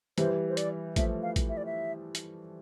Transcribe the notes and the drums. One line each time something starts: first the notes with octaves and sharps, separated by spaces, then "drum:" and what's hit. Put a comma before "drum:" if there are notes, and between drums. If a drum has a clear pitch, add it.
E3 G3 C5, drum: hi-hat
C5
D5, drum: hi-hat
F3 A3 E5, drum: kick A1, hi-hat
F5
drum: kick A1, hi-hat
E5
D5
E5
drum: hi-hat